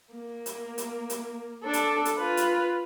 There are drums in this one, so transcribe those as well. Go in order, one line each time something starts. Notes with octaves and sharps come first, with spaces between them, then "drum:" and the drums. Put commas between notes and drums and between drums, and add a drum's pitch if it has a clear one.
A#3
drum: hi-hat
drum: hi-hat
drum: hi-hat
D4 A4
drum: hi-hat
drum: hi-hat
F4 B4
drum: hi-hat